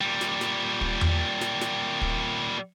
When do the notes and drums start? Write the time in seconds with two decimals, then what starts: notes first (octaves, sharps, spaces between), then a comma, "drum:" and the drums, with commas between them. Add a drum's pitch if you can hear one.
0.01 A#2 G3
0.21 drum: snare
0.41 drum: snare
0.81 drum: kick
1.01 drum: tom E2
1.41 drum: snare
1.61 drum: snare
2.01 drum: kick